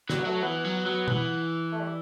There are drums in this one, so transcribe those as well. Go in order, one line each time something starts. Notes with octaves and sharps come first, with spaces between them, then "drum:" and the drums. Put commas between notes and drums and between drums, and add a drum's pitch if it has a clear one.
F#3 G3, drum: snare
B3
F#3 A3
E3 B3
F#3
F#3
E3, drum: tom
A3
G3